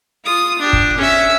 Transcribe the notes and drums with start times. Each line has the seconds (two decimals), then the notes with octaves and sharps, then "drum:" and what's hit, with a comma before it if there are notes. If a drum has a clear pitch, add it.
0.25 F4 D#6
0.59 D4 G4
0.73 drum: kick
0.98 C#4 E5